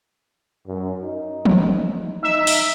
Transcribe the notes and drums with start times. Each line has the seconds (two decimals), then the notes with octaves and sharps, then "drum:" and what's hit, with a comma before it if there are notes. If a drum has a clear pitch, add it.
0.67 F#2
1.02 D#4
1.45 drum: tom
2.23 D#4 E5
2.47 drum: open hi-hat